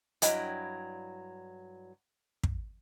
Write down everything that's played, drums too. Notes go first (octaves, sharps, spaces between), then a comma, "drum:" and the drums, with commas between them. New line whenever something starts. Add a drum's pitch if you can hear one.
G2 F#3 E4 D#5 G5, drum: hi-hat
drum: kick